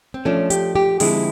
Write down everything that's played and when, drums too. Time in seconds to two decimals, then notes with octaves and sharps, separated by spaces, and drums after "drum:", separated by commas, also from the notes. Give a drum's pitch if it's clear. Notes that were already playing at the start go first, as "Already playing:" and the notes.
0.14 C4
0.25 F3 A3 C#4 D4
0.50 G4, drum: hi-hat
0.75 G4
1.00 D3 F3 G#3 C4 E4 G#4, drum: open hi-hat